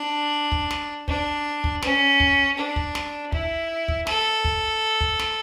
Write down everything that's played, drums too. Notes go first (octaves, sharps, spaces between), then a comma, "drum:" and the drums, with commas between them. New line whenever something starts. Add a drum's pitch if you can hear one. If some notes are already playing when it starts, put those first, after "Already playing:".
Already playing: D4
drum: kick
drum: snare
D4, drum: kick
drum: kick
C#4, drum: snare
drum: kick
D4
drum: kick
drum: snare
E4, drum: kick
drum: kick
A4, drum: snare
drum: kick
drum: kick
drum: snare